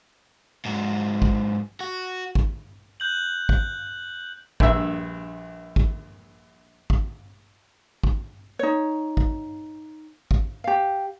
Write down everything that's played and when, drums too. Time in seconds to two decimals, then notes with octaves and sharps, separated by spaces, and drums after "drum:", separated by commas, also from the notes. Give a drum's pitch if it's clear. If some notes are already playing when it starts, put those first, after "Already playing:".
0.65 G#2 F#3
1.22 drum: kick
1.80 F#4
2.35 drum: kick
3.00 F#6 G6 F#7
3.49 drum: kick
4.60 A#1 G2 E5, drum: kick
5.76 drum: kick
6.90 drum: kick
8.03 drum: kick
8.59 D#4 C#5
9.17 drum: kick
10.31 drum: kick
10.64 G4 F5